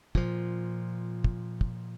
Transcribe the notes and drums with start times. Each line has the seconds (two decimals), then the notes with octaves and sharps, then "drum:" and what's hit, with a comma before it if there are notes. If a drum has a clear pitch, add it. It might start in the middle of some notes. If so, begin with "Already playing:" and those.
0.15 A#2 F3, drum: kick
1.24 drum: kick
1.61 drum: kick